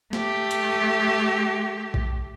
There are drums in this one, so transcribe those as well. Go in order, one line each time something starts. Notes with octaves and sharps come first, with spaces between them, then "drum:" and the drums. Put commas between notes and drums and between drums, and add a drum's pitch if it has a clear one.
A3 G4, drum: snare
drum: hi-hat
drum: kick A#1